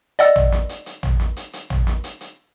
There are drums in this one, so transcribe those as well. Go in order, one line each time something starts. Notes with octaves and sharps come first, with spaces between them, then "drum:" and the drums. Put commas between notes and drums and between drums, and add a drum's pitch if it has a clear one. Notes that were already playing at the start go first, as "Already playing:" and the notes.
D5 D#5 F#5 E6, drum: hi-hat
drum: tom
drum: snare
drum: hi-hat
drum: hi-hat
drum: tom
drum: snare
drum: hi-hat
drum: hi-hat
drum: tom
drum: snare
drum: hi-hat
drum: hi-hat